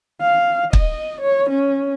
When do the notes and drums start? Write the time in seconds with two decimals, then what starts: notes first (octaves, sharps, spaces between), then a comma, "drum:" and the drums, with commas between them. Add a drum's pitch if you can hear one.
0.22 F5
0.73 D#5, drum: kick
1.21 C#5
1.50 C#4